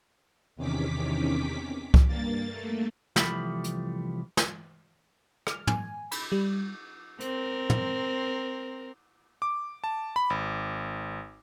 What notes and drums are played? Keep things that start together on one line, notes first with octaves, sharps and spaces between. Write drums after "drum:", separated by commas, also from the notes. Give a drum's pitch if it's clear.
E2 C3 D#3 C#4 D6 B6
drum: kick C2
G2 A#3 A6
A3 A#3
C2 E3 F3 A3 G4 B5, drum: snare
drum: hi-hat
drum: snare
F6, drum: rim click
G#5, drum: tom
B5, drum: cymbal
G3
C4 A#4, drum: hi-hat
drum: tom
D6
A5
B5
G#1